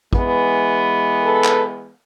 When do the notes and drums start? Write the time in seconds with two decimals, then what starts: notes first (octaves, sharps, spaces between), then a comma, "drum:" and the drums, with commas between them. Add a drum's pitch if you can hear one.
0.13 E3 G#3 B3, drum: kick
1.24 A4 B4
1.44 drum: clap